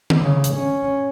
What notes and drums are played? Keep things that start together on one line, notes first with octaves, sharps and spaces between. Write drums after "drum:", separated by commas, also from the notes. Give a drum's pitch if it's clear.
drum: tom D3
C#3
drum: hi-hat
C#4